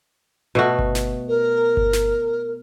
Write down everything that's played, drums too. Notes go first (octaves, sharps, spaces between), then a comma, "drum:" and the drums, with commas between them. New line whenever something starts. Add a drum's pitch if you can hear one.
B2 A3 F#4
drum: kick G1
drum: snare
A#4
drum: kick G1
drum: snare